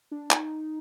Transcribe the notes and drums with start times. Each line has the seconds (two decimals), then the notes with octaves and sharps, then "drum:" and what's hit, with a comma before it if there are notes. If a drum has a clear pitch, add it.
0.11 D4
0.31 D#4, drum: clap